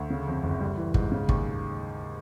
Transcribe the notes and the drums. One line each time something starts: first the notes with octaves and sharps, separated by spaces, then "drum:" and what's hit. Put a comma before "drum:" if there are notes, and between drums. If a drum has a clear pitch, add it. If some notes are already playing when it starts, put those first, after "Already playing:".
Already playing: D2
C#3
F2
F#1
G3
E3
G#2, drum: kick
C#3
D#2, drum: kick